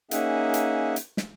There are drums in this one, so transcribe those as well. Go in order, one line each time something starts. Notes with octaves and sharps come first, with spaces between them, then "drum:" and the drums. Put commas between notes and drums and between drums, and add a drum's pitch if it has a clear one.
A#3 C#4 D#4 G#4 E5 F#5, drum: hi-hat
drum: hi-hat
drum: hi-hat
drum: snare